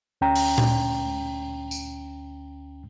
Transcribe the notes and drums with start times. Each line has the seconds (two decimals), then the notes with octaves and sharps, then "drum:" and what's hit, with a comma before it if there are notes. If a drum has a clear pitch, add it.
0.21 D2 C#4 G5 A#5
0.36 drum: open hi-hat
0.58 drum: tom A#2
1.71 drum: tambourine